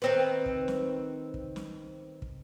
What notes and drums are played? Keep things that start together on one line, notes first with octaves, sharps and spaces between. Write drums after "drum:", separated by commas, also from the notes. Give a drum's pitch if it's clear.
D#3 C4 B4
drum: kick
drum: snare
drum: kick
drum: snare
drum: kick